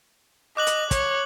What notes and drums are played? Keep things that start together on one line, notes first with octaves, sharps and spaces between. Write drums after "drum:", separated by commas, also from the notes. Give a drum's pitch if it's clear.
D#5 D6 F#6 F#7
drum: hi-hat
C#5, drum: kick, hi-hat